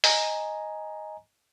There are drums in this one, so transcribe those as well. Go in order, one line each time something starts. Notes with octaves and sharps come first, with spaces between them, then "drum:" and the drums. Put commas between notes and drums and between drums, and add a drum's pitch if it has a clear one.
D#5 G#5 A#5, drum: open hi-hat